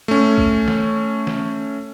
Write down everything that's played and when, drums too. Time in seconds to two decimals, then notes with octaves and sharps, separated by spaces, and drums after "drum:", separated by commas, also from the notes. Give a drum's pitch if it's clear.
0.08 A3 C#4
0.38 drum: kick
0.68 drum: snare
1.27 drum: snare